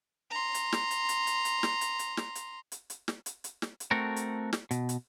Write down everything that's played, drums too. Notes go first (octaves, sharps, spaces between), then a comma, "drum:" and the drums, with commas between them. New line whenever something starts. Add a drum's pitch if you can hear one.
A#5 C6
drum: hi-hat
drum: snare
drum: hi-hat
drum: hi-hat
drum: hi-hat
drum: hi-hat
drum: snare
drum: hi-hat
drum: hi-hat
drum: snare
drum: hi-hat
drum: hi-hat
drum: hi-hat
drum: snare
drum: hi-hat
drum: hi-hat
drum: snare
drum: hi-hat
A3 C4 F#4 A4 A#4
drum: hi-hat
drum: snare
B2, drum: hi-hat
drum: hi-hat